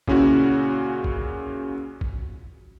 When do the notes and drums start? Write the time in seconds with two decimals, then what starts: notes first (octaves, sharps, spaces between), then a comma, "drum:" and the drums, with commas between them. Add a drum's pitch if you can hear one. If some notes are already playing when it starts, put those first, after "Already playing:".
0.08 A#2 C#3 C#4 E4 F#4, drum: kick
1.04 drum: kick
2.01 drum: kick